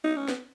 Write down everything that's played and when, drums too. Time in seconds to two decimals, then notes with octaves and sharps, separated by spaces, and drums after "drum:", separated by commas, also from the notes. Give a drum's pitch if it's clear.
0.04 D#4
0.17 C#4
0.29 B3, drum: snare